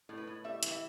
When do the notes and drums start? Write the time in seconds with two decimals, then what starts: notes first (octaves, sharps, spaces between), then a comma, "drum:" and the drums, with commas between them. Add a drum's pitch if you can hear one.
0.09 A2
0.18 B4
0.27 A2
0.44 G3 E5
0.63 E3, drum: hi-hat
0.72 E5